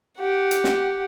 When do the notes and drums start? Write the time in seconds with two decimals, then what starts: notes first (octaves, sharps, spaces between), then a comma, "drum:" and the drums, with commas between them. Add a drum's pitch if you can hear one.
0.18 G4 F#5
0.51 drum: hi-hat
0.64 drum: snare